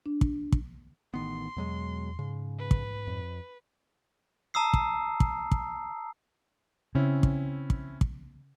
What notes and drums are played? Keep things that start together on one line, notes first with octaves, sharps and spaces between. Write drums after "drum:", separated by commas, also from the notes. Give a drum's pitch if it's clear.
D4
drum: kick
drum: kick
A1 D#3 B3 C6
E2 B2 F#3 G#3
G#2 C#3
B4
drum: kick
F2
A5 A#5 D#6 E6 C7
drum: kick
drum: kick
drum: kick
C#3 C4 C#4 E4
drum: kick
drum: kick
drum: kick